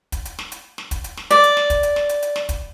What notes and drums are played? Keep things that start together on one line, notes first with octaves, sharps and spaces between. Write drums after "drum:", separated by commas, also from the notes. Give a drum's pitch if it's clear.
drum: kick, hi-hat
drum: hi-hat
drum: snare
drum: hi-hat
drum: snare
drum: kick, hi-hat
drum: hi-hat
drum: snare
D5, drum: hi-hat
drum: hi-hat
drum: snare
drum: kick, hi-hat
drum: hi-hat
drum: snare
drum: hi-hat
drum: hi-hat
drum: snare
drum: kick, hi-hat